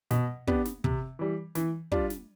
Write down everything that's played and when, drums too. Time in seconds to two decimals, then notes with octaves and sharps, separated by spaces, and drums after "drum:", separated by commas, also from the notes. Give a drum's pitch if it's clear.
0.11 B2, drum: snare
0.47 B3 D4 G4, drum: kick
0.65 drum: snare
0.84 C3, drum: kick
1.19 E3 G3
1.55 E3, drum: snare
1.92 G3 D4 F4, drum: kick
2.10 drum: snare